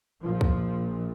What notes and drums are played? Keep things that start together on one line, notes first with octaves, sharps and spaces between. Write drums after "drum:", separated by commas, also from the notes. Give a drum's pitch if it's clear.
A#1 A#2 F3
drum: kick